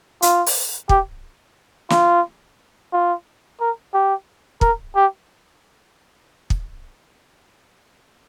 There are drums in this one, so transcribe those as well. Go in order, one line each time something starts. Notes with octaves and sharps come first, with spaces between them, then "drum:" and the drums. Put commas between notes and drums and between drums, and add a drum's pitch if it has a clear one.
F4, drum: hi-hat
drum: open hi-hat
G4, drum: kick
F4, drum: snare
F4
A#4
G4
A#4, drum: kick
G4
drum: kick